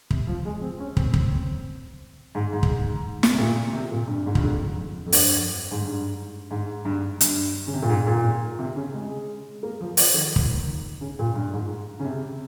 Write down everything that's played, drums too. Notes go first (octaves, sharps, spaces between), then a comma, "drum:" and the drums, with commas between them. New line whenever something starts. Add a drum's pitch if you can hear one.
C3, drum: kick
F3
G#3
C4
C#4
C4, drum: kick
drum: kick
G#2
G#2
drum: kick
drum: snare
C3
A#2
C3
A#2
G2
G#2
G2, drum: kick
F2
F2
G2, drum: open hi-hat
G#2
G2
G#2
G2
G2, drum: hi-hat
C#3
C3
A#2
G#2
A#2
C3
C#3
G#3
A#3
F3
F3, drum: open hi-hat
D#3
drum: kick
C#3
A#2
G2
G#2
C#3
C3